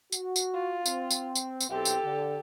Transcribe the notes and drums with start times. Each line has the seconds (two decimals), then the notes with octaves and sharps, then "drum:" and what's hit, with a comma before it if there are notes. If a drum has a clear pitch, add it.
0.12 F#4, drum: tambourine
0.36 drum: tambourine
0.54 F4
0.86 C4, drum: tambourine
1.11 drum: tambourine
1.36 drum: tambourine
1.60 drum: tambourine
1.70 B1 C4 E4 G4 A4
1.85 drum: tambourine
2.04 D3